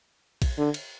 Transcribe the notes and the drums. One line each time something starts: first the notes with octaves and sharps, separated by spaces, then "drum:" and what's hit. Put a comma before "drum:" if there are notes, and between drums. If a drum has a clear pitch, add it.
drum: kick A#1, cymbal
D3
drum: cymbal